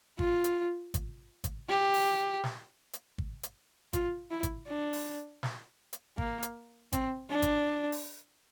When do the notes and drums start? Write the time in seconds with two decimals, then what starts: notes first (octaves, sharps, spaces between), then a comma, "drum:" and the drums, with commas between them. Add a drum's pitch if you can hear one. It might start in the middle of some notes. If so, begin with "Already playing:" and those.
0.19 F4, drum: kick
0.44 drum: hi-hat
0.94 drum: kick, hi-hat
1.44 drum: kick, hi-hat
1.69 G4
1.94 drum: open hi-hat
2.44 drum: snare
2.93 drum: hi-hat
3.18 drum: kick
3.43 drum: hi-hat
3.93 F4, drum: kick, hi-hat
4.30 E4
4.43 drum: kick, hi-hat
4.68 D4
4.93 drum: open hi-hat
5.43 drum: snare
5.93 drum: hi-hat
6.18 A#3, drum: kick
6.43 drum: hi-hat
6.92 C4, drum: kick, hi-hat
7.30 D4
7.42 drum: kick, hi-hat
7.92 drum: open hi-hat